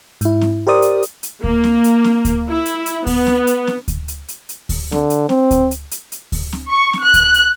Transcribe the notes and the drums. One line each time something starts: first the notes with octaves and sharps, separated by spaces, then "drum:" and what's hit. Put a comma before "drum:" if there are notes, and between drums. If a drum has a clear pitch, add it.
G#2 E4, drum: hi-hat
drum: snare C4
G4 A#4 C5 D5 D#6
drum: hi-hat
drum: hi-hat
drum: hi-hat
A#3, drum: kick D2
drum: snare C4
drum: hi-hat
drum: snare C4
drum: kick D2, hi-hat
E4
drum: hi-hat
drum: hi-hat
B3, drum: kick D2, open hi-hat
drum: snare C4
drum: hi-hat
drum: snare C4
drum: kick D2, hi-hat
drum: hi-hat
drum: hi-hat
drum: hi-hat
drum: kick D2, open hi-hat
D3, drum: snare C4
drum: hi-hat
C4, drum: snare C4
drum: kick D2, hi-hat
drum: hi-hat
drum: hi-hat
drum: hi-hat
drum: kick D2, open hi-hat
drum: snare C4
C#6
drum: snare C4
F#6
drum: kick D2, hi-hat
drum: hi-hat